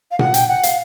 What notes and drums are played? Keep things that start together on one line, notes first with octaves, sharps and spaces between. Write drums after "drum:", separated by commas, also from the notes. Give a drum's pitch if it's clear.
F5
F#5, drum: tom A#2
G5, drum: hi-hat
F#5
F5, drum: hi-hat